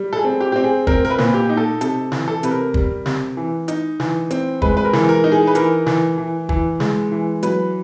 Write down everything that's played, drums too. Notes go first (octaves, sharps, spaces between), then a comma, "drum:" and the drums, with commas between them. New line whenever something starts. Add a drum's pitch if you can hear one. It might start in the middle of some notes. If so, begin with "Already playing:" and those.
Already playing: G3
A4
G#4
C4
G4
C4 G4
G#4
C4 A#4, drum: kick
A#4
B4
A#2, drum: snare
G4
D#4
A4
C3 A4, drum: hi-hat
E3, drum: snare
A4
C3 B4, drum: hi-hat
A#4
G3, drum: kick
C3, drum: snare
E3
D#4, drum: hi-hat
E3, drum: snare
C4, drum: hi-hat
G#3 B4, drum: kick
B4
A#4
E3, drum: snare
A#4
D#4
G#4
B4
E3 A#4, drum: hi-hat
E3, drum: snare
E3
E3, drum: kick
G#3, drum: snare
E3
F#3 B4, drum: hi-hat